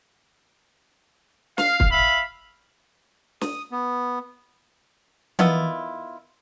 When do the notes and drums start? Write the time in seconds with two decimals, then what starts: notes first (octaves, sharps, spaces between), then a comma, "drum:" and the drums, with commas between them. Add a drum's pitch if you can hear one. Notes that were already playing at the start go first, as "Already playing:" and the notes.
1.58 F5, drum: snare
1.80 drum: kick
1.91 E5 F5 B5
3.41 D#6, drum: snare
3.72 B3
5.39 D#3 B3 E4 F4, drum: tom E3